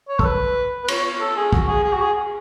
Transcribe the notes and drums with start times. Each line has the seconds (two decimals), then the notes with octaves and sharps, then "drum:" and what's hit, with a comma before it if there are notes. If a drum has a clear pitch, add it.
0.09 C#5
0.19 A4, drum: kick
0.25 B4
0.84 B4
0.88 C#5, drum: cymbal
1.04 C#5
1.21 A4
1.37 G#4
1.53 F#4, drum: kick
1.68 G#4
1.83 G#4
1.93 F#4
2.02 G#4